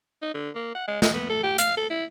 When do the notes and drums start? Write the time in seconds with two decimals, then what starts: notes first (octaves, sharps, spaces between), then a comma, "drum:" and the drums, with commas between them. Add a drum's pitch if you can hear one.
0.22 D#4
0.34 D3
0.55 A#3
0.75 F#5
0.87 G#3
1.02 G#3, drum: snare
1.14 B3
1.30 A4
1.43 G4
1.58 F5, drum: hi-hat
1.77 A4
1.90 E4